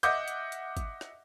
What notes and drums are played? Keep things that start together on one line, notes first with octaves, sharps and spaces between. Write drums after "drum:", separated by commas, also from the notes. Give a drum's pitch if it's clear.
D#5 E5 F#5 D6 G6, drum: hi-hat
drum: hi-hat
drum: hi-hat
drum: kick, hi-hat
drum: rim click